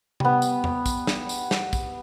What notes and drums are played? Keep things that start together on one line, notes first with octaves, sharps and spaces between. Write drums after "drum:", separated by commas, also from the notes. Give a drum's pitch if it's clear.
G3 B3, drum: tom C3
drum: tambourine
drum: tom E2
drum: kick, tambourine
drum: snare
drum: tambourine
drum: snare
drum: kick, tambourine